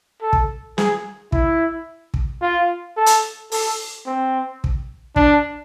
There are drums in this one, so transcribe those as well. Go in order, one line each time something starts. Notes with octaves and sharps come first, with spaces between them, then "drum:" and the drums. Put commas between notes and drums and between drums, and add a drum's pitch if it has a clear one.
A4
drum: kick
G#4, drum: snare
E4, drum: kick
drum: kick
F4
A4
drum: hi-hat
A4, drum: open hi-hat
C4
drum: kick
D4, drum: kick